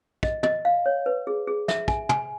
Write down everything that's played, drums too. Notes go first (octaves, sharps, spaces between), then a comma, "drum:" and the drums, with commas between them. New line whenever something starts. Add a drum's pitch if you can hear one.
D#5, drum: kick
D#5, drum: tom
F5
C#5
B4
G#4
G#4
E5, drum: snare
G#5, drum: kick
G#5, drum: tom